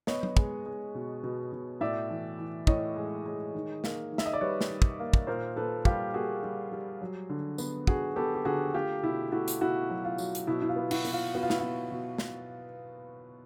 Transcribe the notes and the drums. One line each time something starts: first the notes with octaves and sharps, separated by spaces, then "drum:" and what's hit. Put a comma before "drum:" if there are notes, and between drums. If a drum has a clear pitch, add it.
B3 C#5 D#5, drum: snare
drum: tom F#3
G#3, drum: kick
G#3
B2
B2
B2
A2 D5 E5
E3
E3
A2 C#5 D#5, drum: kick
G#3
G#3
D#3
A#3, drum: snare
D#3
E5, drum: snare
D#5
D5
G3 B4 C#5
drum: snare
D#3
drum: kick
A#3
drum: kick
A#2 A#4 C5
A#2 A4 B4
G3 F4 G4, drum: kick
A#3 F#4 G#4
G3
G3
F#3
D3
B3, drum: tambourine
D3 F#4 G#4, drum: kick
B3 G4 A4
G4
D3 F#4 G#4
A3 F4 G4
B2 E4
A3 E4 F#4
drum: hi-hat
B2 E4 F#4
F#3
F4
F#3, drum: tambourine
drum: hi-hat
B2 E4
E4
F4
B3
E4 F#4, drum: cymbal
B3, drum: open hi-hat
F4
B3 F#4
F4
E4, drum: snare
B2 F4
B2
drum: snare